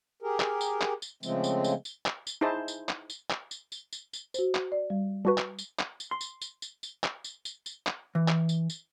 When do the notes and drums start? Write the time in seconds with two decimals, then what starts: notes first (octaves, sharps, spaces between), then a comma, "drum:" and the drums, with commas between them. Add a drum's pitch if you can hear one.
0.22 G4 G#4 A#4
0.40 drum: clap
0.61 drum: tambourine
0.81 drum: clap
1.02 drum: tambourine
1.23 C#3 F3 G#3 A3 C4, drum: tambourine
1.44 drum: tambourine
1.64 drum: tambourine
1.85 drum: tambourine
2.06 drum: clap
2.27 drum: tambourine
2.41 D#4 E4 G#4 C5 A5
2.68 drum: tambourine
2.89 drum: clap
3.10 drum: tambourine
3.30 drum: clap
3.51 drum: tambourine
3.72 drum: tambourine
3.93 drum: tambourine
4.13 drum: tambourine
4.34 F#4 C5, drum: tambourine
4.55 drum: clap
4.72 D5
4.90 G3
5.25 G3 F#4 B4 A5 C#6
5.38 drum: clap
5.59 drum: tambourine
5.79 drum: clap
6.00 drum: tambourine
6.11 C6
6.21 drum: tambourine
6.41 drum: tambourine
6.62 drum: tambourine
6.83 drum: tambourine
7.04 drum: clap
7.24 drum: tambourine
7.45 drum: tambourine
7.66 drum: tambourine
7.87 drum: clap
8.15 E3
8.28 drum: clap
8.49 drum: tambourine
8.70 drum: tambourine